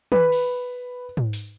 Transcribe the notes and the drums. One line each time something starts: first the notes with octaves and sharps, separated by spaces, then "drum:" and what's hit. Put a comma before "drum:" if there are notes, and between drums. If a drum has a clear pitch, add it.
B4, drum: tom
drum: cymbal
drum: tom
drum: open hi-hat